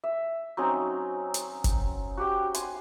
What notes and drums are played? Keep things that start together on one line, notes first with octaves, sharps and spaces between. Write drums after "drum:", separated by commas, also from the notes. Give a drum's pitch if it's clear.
E5
F#3 C4 C#4 D#4
drum: hi-hat
drum: kick, hi-hat
F#4 G4 G5
G#5 C6, drum: hi-hat